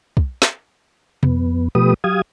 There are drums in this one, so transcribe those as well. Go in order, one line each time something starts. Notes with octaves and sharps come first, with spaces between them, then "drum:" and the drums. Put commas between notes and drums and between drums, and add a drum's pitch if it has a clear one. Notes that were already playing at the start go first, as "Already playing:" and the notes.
drum: kick
drum: snare
F2 B3, drum: tom B2
B2 F3 A3 G4 B4 D#6
F#3 G4 F5 D#6 G#6